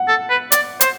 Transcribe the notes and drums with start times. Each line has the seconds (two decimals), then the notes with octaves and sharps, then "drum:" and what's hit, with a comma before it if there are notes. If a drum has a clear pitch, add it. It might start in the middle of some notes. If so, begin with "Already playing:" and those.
Already playing: F#5
0.08 A4
0.30 B4
0.52 D5, drum: hi-hat
0.81 C5, drum: hi-hat